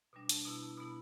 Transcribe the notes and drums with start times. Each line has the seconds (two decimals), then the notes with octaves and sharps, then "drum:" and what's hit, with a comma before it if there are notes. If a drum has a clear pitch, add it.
0.13 B2 G3 D4 D6
0.29 A5, drum: hi-hat
0.45 B2 B3 E4 A5
0.62 A5
0.78 B2 B3 E4 B5